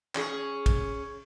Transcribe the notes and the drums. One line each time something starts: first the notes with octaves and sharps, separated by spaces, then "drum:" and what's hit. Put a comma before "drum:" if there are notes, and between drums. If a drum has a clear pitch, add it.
C#4 G#4, drum: clap
drum: kick, cymbal